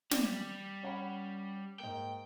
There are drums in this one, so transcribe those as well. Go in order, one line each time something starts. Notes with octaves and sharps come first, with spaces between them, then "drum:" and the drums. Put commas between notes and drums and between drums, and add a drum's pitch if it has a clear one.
G3 D5, drum: snare
C#4 F#5 B5
G#2 A#3 G5